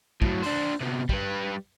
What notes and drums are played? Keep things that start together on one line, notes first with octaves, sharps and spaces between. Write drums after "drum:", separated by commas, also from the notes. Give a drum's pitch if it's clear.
A2 F#3, drum: kick
D4 C5, drum: open hi-hat
C3 B3
G3 B4, drum: kick